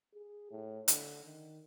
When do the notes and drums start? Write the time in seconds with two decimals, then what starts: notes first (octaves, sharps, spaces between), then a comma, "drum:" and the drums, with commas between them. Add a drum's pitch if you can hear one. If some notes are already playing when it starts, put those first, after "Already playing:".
0.14 G#4
0.51 A2
0.88 D3, drum: hi-hat
1.25 D#3